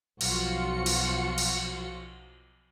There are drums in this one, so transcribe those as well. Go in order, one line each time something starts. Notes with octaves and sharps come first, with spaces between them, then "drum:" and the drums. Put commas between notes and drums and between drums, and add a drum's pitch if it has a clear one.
B1 F3 F4 F#4 C#7, drum: cymbal
drum: cymbal
drum: cymbal